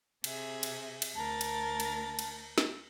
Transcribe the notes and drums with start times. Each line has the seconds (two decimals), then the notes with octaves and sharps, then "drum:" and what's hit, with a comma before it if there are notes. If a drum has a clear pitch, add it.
0.24 C3 G#4 E5, drum: cymbal
0.63 drum: cymbal
1.02 drum: cymbal
1.15 D2 A#4 A5 A6
1.41 drum: cymbal
1.80 drum: cymbal
2.19 drum: cymbal
2.58 drum: snare